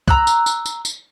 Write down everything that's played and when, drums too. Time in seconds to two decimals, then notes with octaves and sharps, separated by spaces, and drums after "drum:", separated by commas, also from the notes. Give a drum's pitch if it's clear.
0.08 A#5 E6 F#6, drum: kick
0.27 drum: tambourine
0.46 drum: tambourine
0.66 drum: tambourine
0.85 drum: tambourine